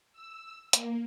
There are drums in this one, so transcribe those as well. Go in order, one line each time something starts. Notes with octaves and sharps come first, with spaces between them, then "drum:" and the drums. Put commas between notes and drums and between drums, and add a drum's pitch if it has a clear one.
E6
A#3, drum: hi-hat